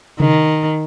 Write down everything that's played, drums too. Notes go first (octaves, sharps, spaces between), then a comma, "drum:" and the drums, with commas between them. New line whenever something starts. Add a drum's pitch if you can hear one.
D#3, drum: tom C3